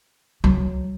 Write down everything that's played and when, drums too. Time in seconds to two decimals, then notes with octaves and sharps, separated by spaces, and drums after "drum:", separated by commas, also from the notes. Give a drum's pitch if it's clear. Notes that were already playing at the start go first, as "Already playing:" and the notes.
0.44 F#3, drum: tom C#2